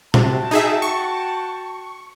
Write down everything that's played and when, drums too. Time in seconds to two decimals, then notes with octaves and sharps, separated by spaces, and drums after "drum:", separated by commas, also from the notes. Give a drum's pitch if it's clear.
0.14 C3 F#4 G5 A5, drum: tom A#2
0.51 D#4 G#4 E5
0.82 C#6